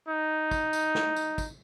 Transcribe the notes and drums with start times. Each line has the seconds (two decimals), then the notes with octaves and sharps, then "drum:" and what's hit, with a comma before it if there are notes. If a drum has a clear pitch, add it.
0.08 D#4
0.51 drum: kick, tambourine
0.73 drum: tambourine
0.95 drum: snare
1.16 drum: tambourine
1.38 drum: kick, tambourine